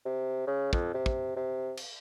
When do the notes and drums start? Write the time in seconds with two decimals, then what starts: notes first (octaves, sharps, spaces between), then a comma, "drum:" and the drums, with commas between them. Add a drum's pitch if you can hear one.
0.05 C3
0.47 C#3
0.73 F2, drum: kick
0.94 C3
1.06 drum: kick
1.36 C3
1.77 drum: cymbal